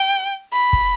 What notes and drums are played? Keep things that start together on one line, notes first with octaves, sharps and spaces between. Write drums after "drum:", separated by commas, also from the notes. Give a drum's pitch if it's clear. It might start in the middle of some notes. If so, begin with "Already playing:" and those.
Already playing: G5
B5
drum: kick